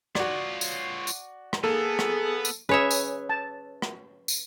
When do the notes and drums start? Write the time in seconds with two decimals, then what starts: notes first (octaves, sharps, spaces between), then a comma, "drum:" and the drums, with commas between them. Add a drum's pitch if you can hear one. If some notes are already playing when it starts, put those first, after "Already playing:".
0.15 F4 F#4 C#5 D5, drum: rim click
0.61 drum: tambourine
1.07 drum: tambourine
1.53 drum: rim click
1.64 A#3 B3 G#4 A4
1.99 drum: rim click
2.45 drum: tambourine
2.69 C#4 G#4 B4 C#5 E5
2.91 drum: tambourine
3.29 A5
3.82 drum: rim click
4.28 drum: tambourine